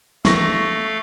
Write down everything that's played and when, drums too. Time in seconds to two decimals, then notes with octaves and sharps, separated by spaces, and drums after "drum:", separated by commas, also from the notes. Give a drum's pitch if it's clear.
0.25 A3 A4 F5 C#6 A#6, drum: snare